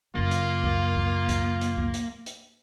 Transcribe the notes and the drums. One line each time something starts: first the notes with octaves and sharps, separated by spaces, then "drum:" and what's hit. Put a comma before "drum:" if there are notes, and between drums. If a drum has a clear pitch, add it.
F#2 C#3 A#3 F4
drum: hi-hat
drum: kick C#2
drum: kick C#2
drum: kick C#2, hi-hat
drum: hi-hat
drum: kick C#2
drum: hi-hat
drum: hi-hat